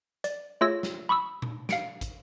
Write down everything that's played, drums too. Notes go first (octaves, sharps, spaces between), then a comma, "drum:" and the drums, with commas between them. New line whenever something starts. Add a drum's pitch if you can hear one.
D5, drum: hi-hat
A3 F4 G#4 C#5 E6 A#6
drum: snare
B5 C#6 D#6 E6
drum: tom A#2
F5 C#7 D7, drum: snare
drum: kick, hi-hat